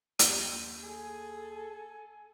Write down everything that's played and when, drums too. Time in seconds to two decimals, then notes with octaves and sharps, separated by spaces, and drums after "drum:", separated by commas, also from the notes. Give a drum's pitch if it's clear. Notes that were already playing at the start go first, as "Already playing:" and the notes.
0.19 D#2 G4 E6 D#7, drum: hi-hat
0.84 G#4 A4 G#5